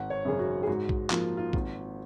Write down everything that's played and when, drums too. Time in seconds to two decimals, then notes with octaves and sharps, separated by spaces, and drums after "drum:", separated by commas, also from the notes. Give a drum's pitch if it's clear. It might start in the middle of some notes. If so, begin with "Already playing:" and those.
Already playing: G#1 F#5
0.10 C#5
0.25 F#2 C#3 G#4
0.39 F#4
0.63 G#4
0.67 G#2 F#4
0.89 drum: kick A#1
1.10 F3 A#3 F4, drum: clap
1.37 F4
1.53 G#1, drum: kick A#1